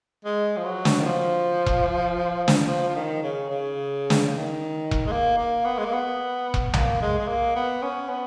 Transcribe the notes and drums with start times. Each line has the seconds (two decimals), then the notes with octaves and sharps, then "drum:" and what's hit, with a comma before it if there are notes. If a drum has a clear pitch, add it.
0.25 G#3
0.57 F3
0.65 F#3
0.85 drum: snare
1.00 D#3
1.05 F3
1.66 drum: kick E1
2.48 drum: snare
2.67 F3
2.89 F3
2.96 D#3
3.23 C#3
3.50 C#3
4.10 drum: snare
4.30 D#3
4.91 drum: kick E1
5.06 G#3
5.12 A#3
5.38 A#3
5.65 B3
5.78 G#3
5.85 A#3
5.93 B3
6.54 drum: kick E1
6.73 A#3, drum: tom B1
7.02 G#3
7.19 G#3
7.28 A#3
7.56 B3
7.83 C#4
8.09 B3